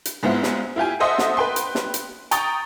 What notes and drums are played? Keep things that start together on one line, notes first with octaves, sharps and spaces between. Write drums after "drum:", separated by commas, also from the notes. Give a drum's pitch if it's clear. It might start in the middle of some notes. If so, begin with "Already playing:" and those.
drum: hi-hat
G#2 G#3 B3 C4 E4 F4
drum: snare
E4 F4 G4 G#5
A4 C5 D#5 E5 F#5 C6
drum: snare
B4 G5 C6
drum: hi-hat
drum: snare
drum: hi-hat
G5 A#5 C#6 D#6 A6, drum: hi-hat